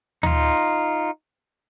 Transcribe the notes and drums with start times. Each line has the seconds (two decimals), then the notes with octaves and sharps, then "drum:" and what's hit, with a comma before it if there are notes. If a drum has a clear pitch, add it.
0.23 D#4 F4, drum: tom D2